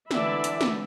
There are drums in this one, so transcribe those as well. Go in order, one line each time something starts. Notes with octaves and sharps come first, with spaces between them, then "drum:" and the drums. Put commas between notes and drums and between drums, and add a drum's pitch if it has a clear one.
D3 E3 D5 E5 B5, drum: snare
drum: hi-hat
drum: snare